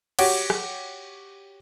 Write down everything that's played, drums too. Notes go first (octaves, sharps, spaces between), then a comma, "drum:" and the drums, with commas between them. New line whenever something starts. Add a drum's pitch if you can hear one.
F#4 G4 C#5, drum: cymbal
drum: rim click